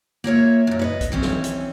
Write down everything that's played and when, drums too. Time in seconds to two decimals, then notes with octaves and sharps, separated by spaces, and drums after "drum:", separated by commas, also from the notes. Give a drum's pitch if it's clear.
0.24 A#3 F4 C#5 E5
0.67 F#2 A#2
0.79 B4 C#5 D#5
1.01 drum: kick B1, hi-hat
1.12 E3 C4 C#4
1.22 drum: snare
1.44 drum: hi-hat